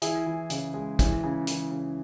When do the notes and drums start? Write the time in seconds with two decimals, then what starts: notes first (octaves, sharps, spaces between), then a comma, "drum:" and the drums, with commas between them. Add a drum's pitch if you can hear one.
0.02 E3 E4 G#4, drum: hi-hat
0.26 E3
0.50 C#3, drum: hi-hat
0.74 G#3
0.99 E3, drum: kick, hi-hat
1.23 C#3
1.47 E3, drum: hi-hat
1.71 C#3